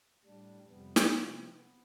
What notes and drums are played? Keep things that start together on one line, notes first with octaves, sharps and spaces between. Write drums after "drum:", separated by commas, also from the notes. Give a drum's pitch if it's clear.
A2 G3 D4
F2 C3 G3 B3
drum: snare
C3 F3 C4
B3